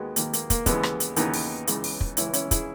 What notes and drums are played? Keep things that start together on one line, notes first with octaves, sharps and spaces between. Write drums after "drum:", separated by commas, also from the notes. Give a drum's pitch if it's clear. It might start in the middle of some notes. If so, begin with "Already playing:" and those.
Already playing: D#2 D#3 G#3 B3 F#4
D#2 D#3 A#3, drum: hi-hat
A#3, drum: hi-hat
A#3, drum: kick, hi-hat
D#2 C#3 E3 G#3 B3, drum: kick, hi-hat
drum: rim click
drum: hi-hat
D#2 C#3 E3 B3 D#4, drum: hi-hat
drum: open hi-hat
C#2 C#3 E3, drum: hi-hat
drum: open hi-hat
drum: kick
C#2 C#3 E3 C#4 E4, drum: hi-hat
C#4 E4, drum: hi-hat
E4 G#4, drum: kick, hi-hat